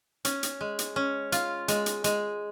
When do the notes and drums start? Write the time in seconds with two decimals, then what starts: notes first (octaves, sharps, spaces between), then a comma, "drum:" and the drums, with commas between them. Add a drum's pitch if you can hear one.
0.25 C#4, drum: hi-hat
0.43 drum: hi-hat
0.61 G#3
0.79 drum: hi-hat
0.96 C#4
1.32 F4, drum: hi-hat
1.68 G#3, drum: hi-hat
1.86 drum: hi-hat
2.04 G#3, drum: hi-hat